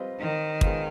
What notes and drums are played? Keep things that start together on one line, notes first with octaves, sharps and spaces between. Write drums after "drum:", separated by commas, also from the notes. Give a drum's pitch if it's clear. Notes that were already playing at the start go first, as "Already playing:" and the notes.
Already playing: G3 C4 F4 B4 D#5
D#3
G#3 B3 F4 C5, drum: kick